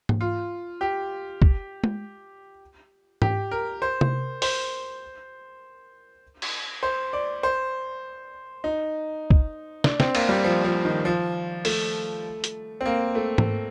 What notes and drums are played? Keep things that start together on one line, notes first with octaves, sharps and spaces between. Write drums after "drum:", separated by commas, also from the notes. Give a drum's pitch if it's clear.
drum: tom G#2
F4
G4
drum: kick
drum: tom G#3
G4, drum: tom G#2
A#4
C5
drum: tom C3
C5, drum: open hi-hat
drum: cymbal
C5
D5
C5
D#4
drum: kick
D4, drum: snare
C4, drum: snare
A#3, drum: cymbal
G3
F3
F3
D#3
F3
A3, drum: open hi-hat
drum: hi-hat
C4
A#3
A3
drum: tom G#2